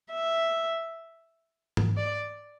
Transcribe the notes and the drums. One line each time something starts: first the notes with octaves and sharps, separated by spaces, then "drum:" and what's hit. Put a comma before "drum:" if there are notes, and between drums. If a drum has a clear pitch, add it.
E5
drum: tom G#2
D5